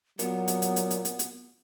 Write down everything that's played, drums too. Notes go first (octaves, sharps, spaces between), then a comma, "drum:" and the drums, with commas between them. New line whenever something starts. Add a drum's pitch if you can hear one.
A#2 F#3 B3, drum: hi-hat
drum: hi-hat
drum: hi-hat
drum: hi-hat
drum: hi-hat
drum: hi-hat
drum: hi-hat